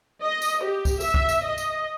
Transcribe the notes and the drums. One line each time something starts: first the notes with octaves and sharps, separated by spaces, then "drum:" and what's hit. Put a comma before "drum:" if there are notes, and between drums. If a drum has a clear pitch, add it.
D#5
drum: tambourine
G4
drum: kick, tambourine
E5, drum: tambourine
drum: kick
drum: tambourine
D#5
drum: tambourine